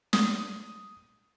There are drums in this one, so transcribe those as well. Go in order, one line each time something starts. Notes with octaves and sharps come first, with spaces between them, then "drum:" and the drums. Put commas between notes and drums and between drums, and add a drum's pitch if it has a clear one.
D#6, drum: snare